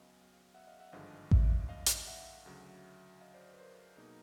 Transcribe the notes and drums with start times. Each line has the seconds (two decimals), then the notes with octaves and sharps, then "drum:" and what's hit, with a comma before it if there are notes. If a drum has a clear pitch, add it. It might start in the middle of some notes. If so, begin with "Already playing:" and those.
Already playing: C#2 C#3 F#3 B3 D#5 F5
0.55 E5 F#5
0.67 D#5 F5
0.80 E5 F#5
0.92 G#1 G2 D3 F3 G#3 D#5 F5
1.31 D5 E5, drum: kick A1
1.69 D#5 F5
1.86 drum: hi-hat
2.07 E5 F#5
2.46 D2 C#3 F#3
3.21 D#5 F5
3.34 C5 D5
3.47 C5 D5
3.53 B4
3.59 A#4 C5
3.97 B2 F#3 A#3 D#4 G#4 A#4